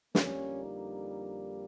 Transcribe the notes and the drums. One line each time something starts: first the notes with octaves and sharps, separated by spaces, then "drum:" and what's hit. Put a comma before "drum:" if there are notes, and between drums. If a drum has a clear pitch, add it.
F2 D3 G3 A#3 C#4, drum: snare
D#4